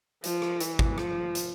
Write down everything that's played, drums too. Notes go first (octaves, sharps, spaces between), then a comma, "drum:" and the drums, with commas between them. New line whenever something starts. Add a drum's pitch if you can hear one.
F3, drum: hi-hat
drum: rim click
E3, drum: hi-hat
drum: kick
F3, drum: rim click
drum: hi-hat